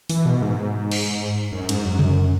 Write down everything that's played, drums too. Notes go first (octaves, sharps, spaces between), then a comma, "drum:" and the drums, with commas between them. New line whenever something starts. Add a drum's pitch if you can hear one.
E3, drum: open hi-hat
B2
G#2
drum: cymbal
F#2
G#2, drum: cymbal
F#2
drum: tom C3